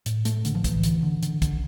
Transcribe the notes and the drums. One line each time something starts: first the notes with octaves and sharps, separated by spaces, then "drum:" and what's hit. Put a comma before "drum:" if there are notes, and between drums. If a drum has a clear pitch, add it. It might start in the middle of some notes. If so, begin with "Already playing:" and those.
A2, drum: hi-hat
A2 A3, drum: hi-hat
A1 D3, drum: hi-hat
F3
A2 E3, drum: kick, hi-hat
D2, drum: hi-hat
D3
D3, drum: hi-hat
D3, drum: kick, hi-hat